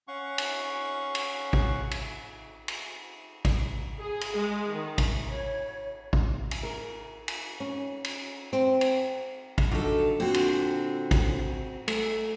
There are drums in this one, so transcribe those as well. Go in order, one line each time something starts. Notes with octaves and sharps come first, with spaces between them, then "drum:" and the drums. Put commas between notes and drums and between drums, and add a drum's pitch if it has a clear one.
C#4 F5 F#5 C#6
drum: cymbal
drum: cymbal
drum: kick A1
drum: cymbal
drum: cymbal
drum: kick A1, cymbal
G#4
drum: cymbal
G#3
D#3
drum: kick A1, cymbal
C#5
drum: kick A1
drum: cymbal
A#4
drum: cymbal
C#4
drum: cymbal
C4
drum: cymbal
drum: kick A1, cymbal
D3 F#3 D#4 F4 A4
A#2 D3 C4 F#4
drum: cymbal
drum: kick A1, cymbal
A3, drum: cymbal